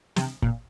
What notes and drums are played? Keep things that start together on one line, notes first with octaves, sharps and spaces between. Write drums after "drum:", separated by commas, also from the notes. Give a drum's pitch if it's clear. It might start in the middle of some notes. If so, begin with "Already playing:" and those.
C3, drum: snare
A#2, drum: kick